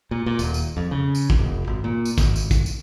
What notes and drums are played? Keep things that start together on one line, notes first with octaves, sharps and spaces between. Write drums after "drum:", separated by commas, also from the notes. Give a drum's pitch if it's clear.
A#2
A#2
D#1, drum: tambourine
drum: tambourine
F2
C#3
drum: tambourine
drum: kick
F1
G#1
A#2
drum: tambourine
G#1, drum: kick, tambourine
drum: tambourine
drum: kick, tambourine
drum: tambourine